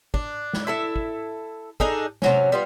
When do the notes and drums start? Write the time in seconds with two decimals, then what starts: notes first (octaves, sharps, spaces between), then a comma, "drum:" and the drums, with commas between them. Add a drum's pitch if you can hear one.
0.14 D4, drum: kick
0.53 drum: snare
0.67 E4 A4 E5
0.96 drum: kick
1.80 D4 D#4 G#4 A4, drum: kick
2.22 C3 F#3 C#4, drum: snare
2.52 G3 B3 F4